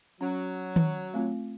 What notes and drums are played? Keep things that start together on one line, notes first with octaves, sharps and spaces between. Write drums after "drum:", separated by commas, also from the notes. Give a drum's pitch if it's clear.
F#3 C#4
drum: tom D#3
A3 C4 F4